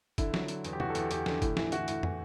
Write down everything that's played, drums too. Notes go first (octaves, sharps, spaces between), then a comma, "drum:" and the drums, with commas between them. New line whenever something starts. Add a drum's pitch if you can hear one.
D3 E4, drum: kick, hi-hat
F#3, drum: snare
D3, drum: hi-hat
E2, drum: hi-hat
G4
E2 F#4, drum: tom
A4
E2, drum: hi-hat
G4
E2 G4, drum: hi-hat
D3, drum: snare
A2, drum: kick, hi-hat
E3, drum: snare
E3 F#4, drum: hi-hat
A2, drum: hi-hat
E3, drum: tom